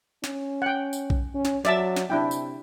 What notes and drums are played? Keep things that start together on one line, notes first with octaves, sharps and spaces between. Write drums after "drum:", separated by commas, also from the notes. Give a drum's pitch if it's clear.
C#4, drum: snare
F#5 G5
drum: tambourine
drum: kick A#1
C#4
drum: snare
F#3 D5 E5 A5, drum: snare
drum: snare
C3 D4 E4 G5
drum: tambourine